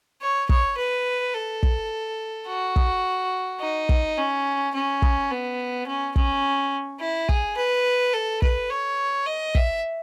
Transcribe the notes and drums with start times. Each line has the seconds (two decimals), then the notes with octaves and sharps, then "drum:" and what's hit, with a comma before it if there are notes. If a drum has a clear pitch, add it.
0.21 C#5
0.49 C#5, drum: kick
0.77 B4
1.34 A4
1.63 drum: kick
2.48 F#4
2.76 drum: kick
3.61 D#4
3.89 drum: kick
4.18 C#4
4.74 C#4
5.02 drum: kick
5.31 B3
5.87 C#4
6.16 C#4, drum: kick
7.00 E4
7.29 G#4, drum: kick
7.57 B4
8.13 A4
8.42 B4, drum: kick
8.70 C#5
9.26 D#5
9.55 E5, drum: kick